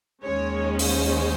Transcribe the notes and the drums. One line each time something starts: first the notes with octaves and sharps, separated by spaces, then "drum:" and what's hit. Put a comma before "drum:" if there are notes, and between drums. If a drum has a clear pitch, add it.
D#2 D#3 G#3 C#4 C#5
C5, drum: open hi-hat